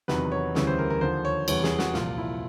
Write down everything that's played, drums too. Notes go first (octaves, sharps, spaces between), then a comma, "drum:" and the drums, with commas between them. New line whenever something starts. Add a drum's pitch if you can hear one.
E2 C3 D#3 F#3 B4, drum: snare
C#5
D2 C#3 E3 G3 C#5, drum: snare
C5
A#4
A#4
D#2 D3 F3 C5
C#5
E2 C3 E3 G3 C#5, drum: cymbal
G#4, drum: snare
F#4, drum: snare
C2 A#2 F3 F4, drum: snare
E4